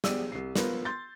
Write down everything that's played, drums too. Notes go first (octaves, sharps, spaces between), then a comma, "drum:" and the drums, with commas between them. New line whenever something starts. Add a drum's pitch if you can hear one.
G#3 B3 G4 D5 E6 D#7, drum: snare
C2 C7
B3 F4 A#4 B4, drum: snare
C6 G6 A6